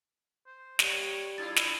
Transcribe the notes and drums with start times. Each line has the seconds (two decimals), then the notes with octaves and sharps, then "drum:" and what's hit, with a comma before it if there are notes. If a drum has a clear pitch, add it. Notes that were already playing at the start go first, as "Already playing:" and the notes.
0.46 C5
0.79 G3 A#3 C#5, drum: snare
1.38 D4 E4 F4 G#4 A6
1.56 drum: snare